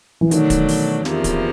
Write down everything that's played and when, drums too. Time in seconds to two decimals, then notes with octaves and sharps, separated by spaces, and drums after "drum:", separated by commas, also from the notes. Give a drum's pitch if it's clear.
0.21 E3
0.31 B2 D#3 F#3 A3 D4, drum: hi-hat
0.50 drum: kick, hi-hat
0.69 drum: open hi-hat
1.05 E2 C3 F3 A#3, drum: snare
1.24 drum: kick, hi-hat